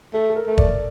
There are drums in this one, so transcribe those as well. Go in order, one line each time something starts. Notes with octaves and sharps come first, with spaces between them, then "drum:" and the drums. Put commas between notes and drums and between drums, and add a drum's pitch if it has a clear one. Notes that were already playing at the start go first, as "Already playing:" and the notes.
A3 A4
A4
A#4
A3
D5, drum: kick